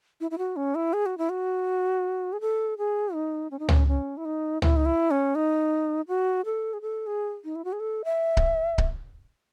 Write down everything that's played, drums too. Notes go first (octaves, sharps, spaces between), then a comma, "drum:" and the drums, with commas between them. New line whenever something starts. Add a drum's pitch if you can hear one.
E4
E4
F#4
C#4
E4
G#4
F#4
E4
F#4
G#4
A4
G#4
D#4
C#4
D#4
C#4, drum: tom C#2
C#4
E4
D#4
E4, drum: tom C#2
D#4
E4
C#4
D#4
F#4
A4
G#4
A4
G#4
D#4
E4
F#4
G#4
A4
E5
drum: kick C#1
drum: kick C#1